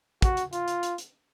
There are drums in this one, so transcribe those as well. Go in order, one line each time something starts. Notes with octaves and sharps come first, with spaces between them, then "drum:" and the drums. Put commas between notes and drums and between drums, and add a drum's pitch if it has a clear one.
F#4, drum: kick, hi-hat
drum: hi-hat
F4, drum: hi-hat
drum: hi-hat
drum: hi-hat
drum: hi-hat